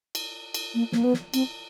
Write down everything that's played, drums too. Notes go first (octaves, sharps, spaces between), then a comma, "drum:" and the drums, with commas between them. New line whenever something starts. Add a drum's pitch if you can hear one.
drum: cymbal
drum: cymbal
A#3
A#3, drum: snare
B3
drum: snare
C4, drum: cymbal